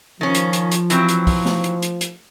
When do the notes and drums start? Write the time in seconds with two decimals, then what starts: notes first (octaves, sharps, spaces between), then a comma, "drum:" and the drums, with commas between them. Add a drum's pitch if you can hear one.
0.21 D#3 F3 C#4
0.35 drum: hi-hat
0.53 drum: hi-hat
0.72 drum: hi-hat
0.90 E3 F#3 C4, drum: hi-hat
1.08 drum: hi-hat
1.27 drum: kick, open hi-hat
1.45 drum: snare
1.64 drum: hi-hat
1.82 drum: hi-hat
2.01 drum: hi-hat